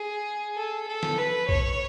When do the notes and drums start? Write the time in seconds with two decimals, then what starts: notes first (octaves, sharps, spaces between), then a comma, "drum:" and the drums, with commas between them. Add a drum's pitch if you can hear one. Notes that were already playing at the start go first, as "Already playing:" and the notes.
Already playing: G#4
0.56 A4
0.88 A4
1.03 drum: snare
1.18 B4
1.49 C#5, drum: kick B1